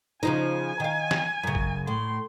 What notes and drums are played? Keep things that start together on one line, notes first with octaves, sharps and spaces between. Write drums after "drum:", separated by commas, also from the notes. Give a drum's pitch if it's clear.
C#3 F3 D#4 G#5
D#3 F5
drum: snare
F#2 C#3
drum: kick A1
A2 C6